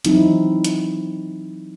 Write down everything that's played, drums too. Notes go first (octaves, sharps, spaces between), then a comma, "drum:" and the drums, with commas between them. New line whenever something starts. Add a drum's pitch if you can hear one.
E3 F#3 C4 D#4 E4, drum: hi-hat
drum: hi-hat